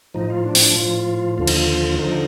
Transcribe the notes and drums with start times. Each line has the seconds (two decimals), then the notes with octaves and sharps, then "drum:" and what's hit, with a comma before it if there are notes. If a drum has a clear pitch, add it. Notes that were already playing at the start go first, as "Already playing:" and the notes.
0.14 A2 F3 D#4
0.30 F4
0.45 D4
0.55 C4, drum: open hi-hat
0.61 D4
0.76 A2 F3 F4
1.38 D#2 D3 F3 F4
1.47 D#4, drum: cymbal
1.57 F4
1.99 D3 F3 D#4